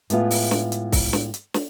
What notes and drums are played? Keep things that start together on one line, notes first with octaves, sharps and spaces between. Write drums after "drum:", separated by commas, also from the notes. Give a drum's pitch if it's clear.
A2 G#3 B3 E4 F4, drum: hi-hat
drum: open hi-hat
drum: snare
drum: hi-hat
drum: kick, open hi-hat
drum: snare
drum: hi-hat
drum: snare